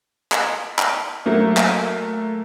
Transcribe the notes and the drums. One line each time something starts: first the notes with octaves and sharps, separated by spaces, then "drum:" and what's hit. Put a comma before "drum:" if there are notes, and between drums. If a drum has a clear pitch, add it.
drum: clap
drum: clap
F#3 A3 A#3
drum: clap